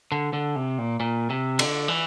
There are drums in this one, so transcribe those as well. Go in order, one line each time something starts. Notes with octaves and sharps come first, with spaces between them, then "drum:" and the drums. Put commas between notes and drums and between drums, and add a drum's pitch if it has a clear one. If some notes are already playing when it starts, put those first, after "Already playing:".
D3
D3
C3
A#2
A#2
C3
D3, drum: cymbal
E3